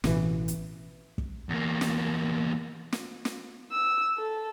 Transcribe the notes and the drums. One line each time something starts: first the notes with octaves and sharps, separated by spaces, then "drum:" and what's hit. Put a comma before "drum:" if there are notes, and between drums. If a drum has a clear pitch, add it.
A1 B2 E3, drum: snare
drum: hi-hat
drum: kick
E2 A#3
drum: snare
drum: snare
drum: snare
E6
A4